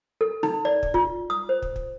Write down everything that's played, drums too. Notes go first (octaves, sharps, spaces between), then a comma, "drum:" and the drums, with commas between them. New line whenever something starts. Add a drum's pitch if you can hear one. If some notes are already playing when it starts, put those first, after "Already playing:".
A4
D#4, drum: snare A3
D5
drum: kick
F4, drum: kick
D#6
C5
drum: kick
drum: kick